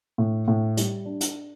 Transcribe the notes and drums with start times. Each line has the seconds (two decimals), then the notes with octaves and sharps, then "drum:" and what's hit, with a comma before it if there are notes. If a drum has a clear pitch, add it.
0.18 A2
0.48 A2
0.77 G3, drum: hi-hat
1.05 D4
1.21 drum: hi-hat